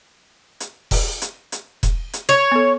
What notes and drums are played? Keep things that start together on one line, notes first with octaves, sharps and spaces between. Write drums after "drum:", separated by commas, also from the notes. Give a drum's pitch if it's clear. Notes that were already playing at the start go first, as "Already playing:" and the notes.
drum: hi-hat
drum: kick E1, open hi-hat
drum: hi-hat
drum: hi-hat
drum: kick E1, hi-hat
drum: hi-hat
C#5
B3 A4